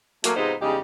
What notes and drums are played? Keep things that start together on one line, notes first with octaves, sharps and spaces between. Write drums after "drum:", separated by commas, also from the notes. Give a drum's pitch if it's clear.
F#3 A3 A#3, drum: hi-hat
G#2 C3 B3 D#4 F4 C5
E2 C#3 G3 G#3 D#4 G4